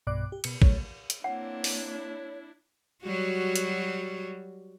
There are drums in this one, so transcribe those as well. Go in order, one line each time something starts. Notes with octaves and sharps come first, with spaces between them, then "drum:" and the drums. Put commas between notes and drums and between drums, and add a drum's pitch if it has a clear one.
B1 G2 B2 D5 D6 F#6
G4
B2 C#7, drum: cymbal
F#3 A3 C#5, drum: kick
drum: hi-hat
A#3 C4 D4 E4 C#5 F#5
drum: open hi-hat
F#3 G3 F#4
drum: hi-hat